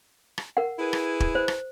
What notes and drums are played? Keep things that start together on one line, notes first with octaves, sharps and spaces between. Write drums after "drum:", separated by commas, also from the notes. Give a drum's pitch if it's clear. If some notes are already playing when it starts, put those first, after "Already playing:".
drum: rim click
A#4 F#5
E4 G#4 B4
drum: rim click
drum: kick
C5
drum: rim click